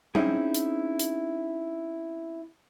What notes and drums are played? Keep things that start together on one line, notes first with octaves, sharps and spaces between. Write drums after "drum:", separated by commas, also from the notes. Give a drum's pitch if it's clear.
C4 C#4 D#4 E4 G#4, drum: tom G3
drum: hi-hat
drum: hi-hat